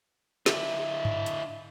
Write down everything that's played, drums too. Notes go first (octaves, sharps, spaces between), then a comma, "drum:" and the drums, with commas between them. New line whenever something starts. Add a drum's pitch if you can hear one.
D3 E4, drum: snare
drum: tom G2
drum: hi-hat